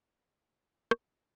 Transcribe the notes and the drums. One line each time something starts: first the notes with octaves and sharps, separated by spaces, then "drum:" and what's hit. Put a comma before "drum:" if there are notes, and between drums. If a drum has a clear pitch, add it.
G4 D#5 A5
drum: rim click